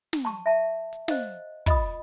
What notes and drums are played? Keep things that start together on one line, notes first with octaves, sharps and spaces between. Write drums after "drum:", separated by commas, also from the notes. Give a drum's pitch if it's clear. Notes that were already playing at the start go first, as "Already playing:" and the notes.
drum: snare
A5 C#6
E5 A5
drum: hi-hat
C5 D#5 F5, drum: snare
F4 D#5 B5 D#6, drum: kick